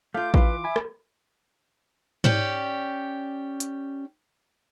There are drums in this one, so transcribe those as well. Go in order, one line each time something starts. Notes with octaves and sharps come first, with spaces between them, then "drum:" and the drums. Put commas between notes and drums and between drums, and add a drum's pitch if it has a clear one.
A3 F4 F5 D6 G6
E3 F4 B4, drum: kick A1
E5 G#5 B5
drum: rim click
C#4 G4 D5, drum: tom G#2
drum: hi-hat